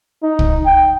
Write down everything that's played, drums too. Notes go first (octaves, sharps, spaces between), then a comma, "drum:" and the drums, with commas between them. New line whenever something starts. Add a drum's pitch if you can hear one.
D#4
drum: kick
G5